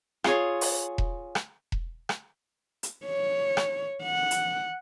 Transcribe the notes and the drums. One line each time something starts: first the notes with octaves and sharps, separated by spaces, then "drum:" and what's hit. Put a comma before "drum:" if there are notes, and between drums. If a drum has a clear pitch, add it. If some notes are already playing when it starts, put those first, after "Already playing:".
F4 G#4 C#5, drum: rim click
drum: open hi-hat
drum: kick E1
drum: rim click
drum: kick E1
drum: rim click
drum: hi-hat
C#5
drum: rim click
F#5
drum: hi-hat